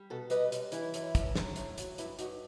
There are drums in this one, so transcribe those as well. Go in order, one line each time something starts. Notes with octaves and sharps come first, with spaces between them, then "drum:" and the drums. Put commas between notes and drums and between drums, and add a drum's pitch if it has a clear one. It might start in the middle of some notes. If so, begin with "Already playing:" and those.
Already playing: G3
B2 F#4 A4
G3 B4 D#5, drum: hi-hat
F#2, drum: hi-hat
E3 E4, drum: hi-hat
F#2, drum: hi-hat
A2, drum: kick, hi-hat
F#3, drum: snare
A2, drum: hi-hat
F#3, drum: hi-hat
G2 E4, drum: hi-hat
G2 D#4 F#4, drum: hi-hat